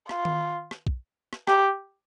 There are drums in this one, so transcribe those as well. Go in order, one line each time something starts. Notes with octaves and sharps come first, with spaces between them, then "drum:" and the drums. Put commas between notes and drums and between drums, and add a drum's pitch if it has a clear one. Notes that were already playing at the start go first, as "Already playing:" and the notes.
F4, drum: rim click
drum: tom D#3
drum: rim click
drum: kick
drum: rim click
G4, drum: rim click